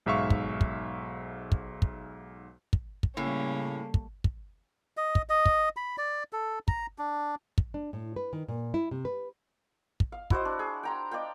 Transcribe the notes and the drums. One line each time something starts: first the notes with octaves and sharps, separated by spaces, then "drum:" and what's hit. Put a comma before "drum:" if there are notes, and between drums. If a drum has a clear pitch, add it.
B1 G#2 E5 F5 C#6
drum: kick
drum: kick
drum: kick
drum: kick
drum: kick
drum: kick
A2 C#3 G3 A#3 C#4
drum: kick
drum: kick
D#5
drum: kick
D#5
drum: kick
B5
D5
A4
A#5, drum: kick
D4
drum: kick
D4
A2
B4
D#3
A#2
E4
C3
B4
drum: kick
F5
E4 F#4 C5 D#5, drum: kick
D4
G#4
G5 A#5 C6
D5 D#5 F5 G5